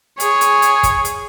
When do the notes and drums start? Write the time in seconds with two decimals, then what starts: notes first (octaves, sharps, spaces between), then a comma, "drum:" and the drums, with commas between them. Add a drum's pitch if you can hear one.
0.20 G#4 C#5, drum: hi-hat
0.41 drum: hi-hat
0.62 drum: hi-hat
0.83 drum: kick, hi-hat
1.05 drum: hi-hat